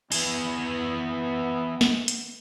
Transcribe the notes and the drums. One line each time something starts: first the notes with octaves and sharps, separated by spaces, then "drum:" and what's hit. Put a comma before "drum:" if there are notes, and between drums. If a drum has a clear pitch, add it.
E3 B3 G#4, drum: open hi-hat
drum: snare
drum: hi-hat